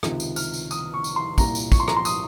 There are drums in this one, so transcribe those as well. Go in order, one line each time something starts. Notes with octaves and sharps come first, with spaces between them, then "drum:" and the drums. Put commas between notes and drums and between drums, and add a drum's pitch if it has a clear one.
C#2 C3 D#3, drum: rim click
drum: tambourine
F6, drum: tambourine
drum: tambourine
D#6, drum: tambourine
C#6
drum: tambourine
C6
C2 A#2 A#5, drum: kick, tambourine
drum: tambourine
C#6, drum: kick, tambourine
C6
A#5, drum: rim click
C6
D#6, drum: tambourine